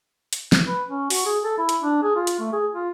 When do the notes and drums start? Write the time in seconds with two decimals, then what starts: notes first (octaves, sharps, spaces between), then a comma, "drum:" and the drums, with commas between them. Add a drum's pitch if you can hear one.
0.33 drum: hi-hat
0.52 drum: snare
0.66 B4
0.88 C#4
1.10 F#4, drum: open hi-hat
1.25 G#4
1.44 A4
1.58 E4
1.69 drum: hi-hat
1.82 D4
2.02 G#4
2.15 F4
2.27 drum: hi-hat
2.39 A3
2.52 G#4
2.74 F4